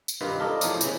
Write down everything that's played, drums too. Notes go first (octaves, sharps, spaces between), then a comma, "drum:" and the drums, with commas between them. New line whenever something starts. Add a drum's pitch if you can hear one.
drum: tambourine
G2 C3 D#3 F4 B4
F4 A4 A#4 D5 D#5
E2 A2 C3 F3, drum: tambourine
C#3 E3, drum: tambourine